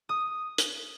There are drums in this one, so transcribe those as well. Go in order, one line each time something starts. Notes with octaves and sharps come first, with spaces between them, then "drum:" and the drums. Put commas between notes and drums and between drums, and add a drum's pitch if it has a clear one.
D#6
drum: hi-hat